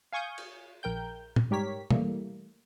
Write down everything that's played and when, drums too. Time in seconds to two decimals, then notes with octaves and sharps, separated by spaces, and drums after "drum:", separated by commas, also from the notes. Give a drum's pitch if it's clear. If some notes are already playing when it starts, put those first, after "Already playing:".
0.13 F5 G#5 C#6 D#6 G6
0.38 drum: cymbal
0.83 A#1 A#4 G5 G6
1.36 drum: tom
1.51 G#2 G3 G4 A#4 C#5 B6
1.90 E3 G3 A3 A#3, drum: tom